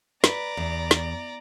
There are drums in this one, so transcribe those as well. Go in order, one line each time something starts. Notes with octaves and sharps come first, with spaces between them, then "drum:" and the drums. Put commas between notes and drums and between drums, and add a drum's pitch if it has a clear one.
B4 D5 A#5, drum: snare
E2
drum: snare